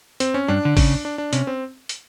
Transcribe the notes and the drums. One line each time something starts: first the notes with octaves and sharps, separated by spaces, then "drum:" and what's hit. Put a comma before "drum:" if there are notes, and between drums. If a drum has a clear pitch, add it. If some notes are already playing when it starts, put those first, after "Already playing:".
C4, drum: hi-hat
C#4
G2 D4
D3
C#3, drum: kick, open hi-hat
D4
D4
C3 C#4, drum: hi-hat
C4
drum: hi-hat